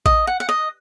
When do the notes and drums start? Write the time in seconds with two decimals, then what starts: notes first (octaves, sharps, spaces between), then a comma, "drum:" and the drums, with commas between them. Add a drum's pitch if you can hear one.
0.06 D#5, drum: kick A1
0.27 F#5
0.40 F#5
0.49 D#5